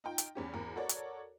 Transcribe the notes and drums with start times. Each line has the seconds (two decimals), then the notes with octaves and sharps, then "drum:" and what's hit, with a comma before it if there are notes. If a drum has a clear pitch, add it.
0.04 D#4 F4 G5
0.18 drum: hi-hat
0.35 E2 C#4 G4
0.54 G#1 E2 A#4
0.76 F#4 A4 A#4 C#5 D5
0.89 drum: hi-hat